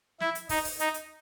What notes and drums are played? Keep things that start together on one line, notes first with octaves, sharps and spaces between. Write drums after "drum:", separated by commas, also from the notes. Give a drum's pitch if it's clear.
E4, drum: snare
drum: hi-hat
D#4, drum: kick, open hi-hat
drum: open hi-hat
D#4, drum: hi-hat
drum: hi-hat